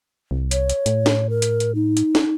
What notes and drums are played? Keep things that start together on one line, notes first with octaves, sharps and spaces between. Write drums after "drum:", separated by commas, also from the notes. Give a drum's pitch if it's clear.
C2
C#5, drum: hi-hat
drum: hi-hat
A2, drum: hi-hat
drum: snare
A#4
drum: hi-hat
drum: hi-hat
D#4
drum: hi-hat
drum: snare